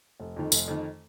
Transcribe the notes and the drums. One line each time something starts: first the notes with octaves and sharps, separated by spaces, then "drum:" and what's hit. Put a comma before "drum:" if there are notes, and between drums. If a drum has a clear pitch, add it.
F1
F2 D#3
F1, drum: tambourine
F2 D#3